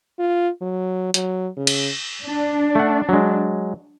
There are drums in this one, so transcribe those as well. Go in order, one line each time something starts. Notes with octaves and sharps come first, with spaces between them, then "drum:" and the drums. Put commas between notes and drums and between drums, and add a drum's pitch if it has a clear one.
F4
F#3
F#3, drum: hi-hat
C#3
drum: cymbal
D4
A3 F#5
F#3 G#3